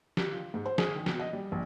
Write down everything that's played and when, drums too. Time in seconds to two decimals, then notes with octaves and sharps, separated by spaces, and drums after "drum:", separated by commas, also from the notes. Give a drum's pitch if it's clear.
0.17 G4, drum: snare
0.32 F4
0.54 G#2
0.66 C5
0.78 G#4, drum: snare
0.95 D#3
1.06 B2, drum: snare
1.19 D#5
1.33 G3
1.52 A#1